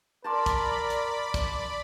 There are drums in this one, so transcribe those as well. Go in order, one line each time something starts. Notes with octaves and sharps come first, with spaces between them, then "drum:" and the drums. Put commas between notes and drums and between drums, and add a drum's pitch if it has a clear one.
A#4 D5 A5 B5 C6 D6
drum: kick, hi-hat
drum: hi-hat
drum: kick, hi-hat